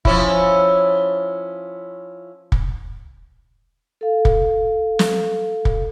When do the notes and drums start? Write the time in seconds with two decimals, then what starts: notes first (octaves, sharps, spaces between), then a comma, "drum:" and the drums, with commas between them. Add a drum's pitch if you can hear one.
0.05 F3 C#4 E4, drum: kick
2.52 drum: kick
4.01 A4 F5
4.25 drum: kick
4.99 drum: snare
5.65 drum: kick